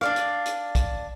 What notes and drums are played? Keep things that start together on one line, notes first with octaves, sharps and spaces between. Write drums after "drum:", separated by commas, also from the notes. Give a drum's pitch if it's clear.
D4 D5 F5, drum: rim click
drum: hi-hat
drum: hi-hat
drum: kick, hi-hat